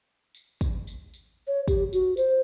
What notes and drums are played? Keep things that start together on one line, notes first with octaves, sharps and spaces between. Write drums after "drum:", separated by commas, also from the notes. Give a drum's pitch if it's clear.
drum: tambourine
drum: kick, tambourine
drum: tambourine
drum: tambourine
C#5
G4, drum: kick, tambourine
F#4, drum: tambourine
C5, drum: tambourine